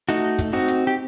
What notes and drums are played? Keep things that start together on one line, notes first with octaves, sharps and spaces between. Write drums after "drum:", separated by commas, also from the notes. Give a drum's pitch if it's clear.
A3 D#4 F#4, drum: hi-hat
drum: kick, hi-hat
C4 D#4 F#4
drum: hi-hat
G4